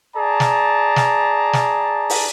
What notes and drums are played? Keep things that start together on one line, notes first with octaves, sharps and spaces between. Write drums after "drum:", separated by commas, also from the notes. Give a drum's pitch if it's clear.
G#4 D5 A5 A#5
drum: snare
drum: snare
drum: snare
drum: open hi-hat